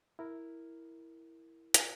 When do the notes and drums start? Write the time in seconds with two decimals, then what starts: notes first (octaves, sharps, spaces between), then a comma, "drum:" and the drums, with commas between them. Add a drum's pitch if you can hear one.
0.19 E4 A#4
1.74 drum: hi-hat